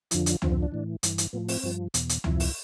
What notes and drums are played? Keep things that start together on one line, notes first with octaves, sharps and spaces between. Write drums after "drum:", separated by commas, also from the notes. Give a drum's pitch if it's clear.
F2 D3 F3 E4, drum: hi-hat
D4, drum: hi-hat
F2 D3 F3 C4, drum: tom C#2
C4
D4
A2 E3
G2 E3, drum: hi-hat
drum: hi-hat
A2 F3 B3
C4, drum: open hi-hat
G2 F3
E2 B2, drum: hi-hat
drum: hi-hat
F2 C3 F3 E4, drum: tom C#2
drum: open hi-hat